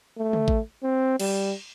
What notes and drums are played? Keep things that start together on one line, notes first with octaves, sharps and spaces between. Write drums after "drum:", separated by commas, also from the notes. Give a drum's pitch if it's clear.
A3
drum: tom C#3
drum: kick A1
C4
G3, drum: cymbal